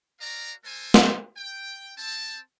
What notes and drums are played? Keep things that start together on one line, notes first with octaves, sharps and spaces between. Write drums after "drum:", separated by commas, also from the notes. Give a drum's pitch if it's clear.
F#4 A#4 C#5 D5 F5 A#5
G#3 A4 A#4 C5 G#5
drum: snare
G5
C4 A5